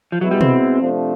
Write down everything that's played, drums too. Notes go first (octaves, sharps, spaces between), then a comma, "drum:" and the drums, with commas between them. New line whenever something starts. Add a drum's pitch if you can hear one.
F3
B2 F#3 G#3 B3 E4
G3
C4, drum: tom B2
C3 F3 A3 D4